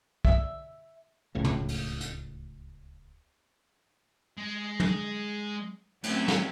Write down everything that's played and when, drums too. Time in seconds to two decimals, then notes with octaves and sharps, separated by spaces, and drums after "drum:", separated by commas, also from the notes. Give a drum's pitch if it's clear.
0.25 E5, drum: kick
1.35 D1 C#2 A2 A#3
1.44 drum: tom
1.68 drum: open hi-hat
2.01 drum: hi-hat
4.37 G#3
4.80 drum: tom
6.04 A2 F#3 C4 C#4, drum: cymbal
6.28 drum: snare